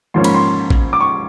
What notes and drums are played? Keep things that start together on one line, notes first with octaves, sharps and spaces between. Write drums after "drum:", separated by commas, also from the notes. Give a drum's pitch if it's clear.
G#2 F3 A#3 C#4 C6
B5, drum: cymbal
C6
drum: kick
D6
C#6